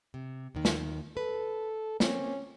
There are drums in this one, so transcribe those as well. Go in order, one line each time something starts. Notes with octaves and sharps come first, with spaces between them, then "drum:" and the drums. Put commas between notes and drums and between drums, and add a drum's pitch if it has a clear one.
C3
D#2 D#3
drum: snare
A4 B4
A#3 C4 C#4, drum: snare